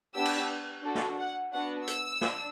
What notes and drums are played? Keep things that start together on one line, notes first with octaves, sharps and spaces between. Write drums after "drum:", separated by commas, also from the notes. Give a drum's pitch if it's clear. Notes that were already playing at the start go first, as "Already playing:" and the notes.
B3 D4 G4 E6
drum: cymbal
D4 F#4 A4
drum: snare
F#5
B3 D4 F#4 F#5
E6, drum: hi-hat
D4, drum: snare